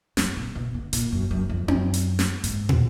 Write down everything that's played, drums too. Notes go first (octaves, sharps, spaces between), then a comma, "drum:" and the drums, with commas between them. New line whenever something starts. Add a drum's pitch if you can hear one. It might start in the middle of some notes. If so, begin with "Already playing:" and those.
F#2, drum: snare
A#2
B2
D3
A#2, drum: hi-hat
F#2
F#2
F2
F#2, drum: tom C4
drum: hi-hat
drum: snare
G#2, drum: hi-hat
drum: tom